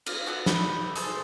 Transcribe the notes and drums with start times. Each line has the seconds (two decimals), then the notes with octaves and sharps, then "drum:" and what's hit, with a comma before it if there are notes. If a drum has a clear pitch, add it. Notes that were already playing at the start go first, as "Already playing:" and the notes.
0.06 F4, drum: cymbal
0.26 E4 A4 F#5 D#6
0.46 D#4 B4, drum: snare
0.96 G#4 A4 C5, drum: hi-hat